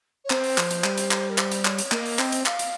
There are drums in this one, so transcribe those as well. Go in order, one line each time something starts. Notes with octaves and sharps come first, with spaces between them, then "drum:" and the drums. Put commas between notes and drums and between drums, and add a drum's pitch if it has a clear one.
C#5
C4 C5, drum: clap
drum: open hi-hat
F3, drum: clap
drum: hi-hat
G3, drum: clap
drum: hi-hat
drum: clap
A#4
C5, drum: clap
drum: hi-hat
C#5, drum: clap
drum: hi-hat
A#3 D#5, drum: clap
drum: open hi-hat
C4, drum: clap
drum: hi-hat
F5, drum: clap
drum: hi-hat